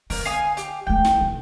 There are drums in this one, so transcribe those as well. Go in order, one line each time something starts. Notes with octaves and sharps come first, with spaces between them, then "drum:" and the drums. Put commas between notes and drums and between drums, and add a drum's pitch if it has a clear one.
D3 A#4, drum: open hi-hat
F5 G#5 D#6
G4, drum: hi-hat
D3 A3 G5
drum: snare
B1